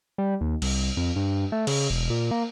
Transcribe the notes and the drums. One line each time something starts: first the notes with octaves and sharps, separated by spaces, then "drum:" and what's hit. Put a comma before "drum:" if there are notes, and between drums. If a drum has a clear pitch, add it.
G3
D#2
C2, drum: cymbal
F2
G2
A3
C#3, drum: cymbal
E1
A#2
A#3